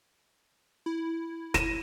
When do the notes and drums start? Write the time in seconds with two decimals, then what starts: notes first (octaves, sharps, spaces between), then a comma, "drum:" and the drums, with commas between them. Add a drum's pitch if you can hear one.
0.86 E4
1.54 A#6 D#7 E7, drum: snare